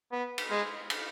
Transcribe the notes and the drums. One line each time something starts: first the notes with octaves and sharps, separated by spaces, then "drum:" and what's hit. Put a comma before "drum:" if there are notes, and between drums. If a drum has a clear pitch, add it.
B3
drum: cymbal
G#3
drum: cymbal